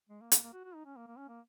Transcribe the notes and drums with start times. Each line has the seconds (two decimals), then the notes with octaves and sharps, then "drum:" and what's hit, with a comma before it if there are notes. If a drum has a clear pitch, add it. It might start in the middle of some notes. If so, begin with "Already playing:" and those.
0.09 G#3
0.21 A#3
0.32 A#3, drum: hi-hat
0.42 A#3
0.53 F#4
0.64 F#4
0.75 D#4
0.85 C#4
0.96 A#3
1.07 A#3
1.18 C#4
1.29 A#3